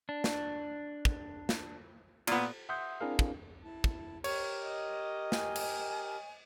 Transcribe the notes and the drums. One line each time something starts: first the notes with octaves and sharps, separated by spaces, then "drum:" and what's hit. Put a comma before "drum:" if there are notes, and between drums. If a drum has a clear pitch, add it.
D4
drum: snare
drum: kick
drum: snare
A#2 B3, drum: cymbal
E5 F#5 C6 D#6 G6
C4 D4 E4 G#4 A#4 F5
drum: kick
E4 A5
drum: kick
G4 A#4 C#5, drum: cymbal
D#5
G#5, drum: snare
drum: cymbal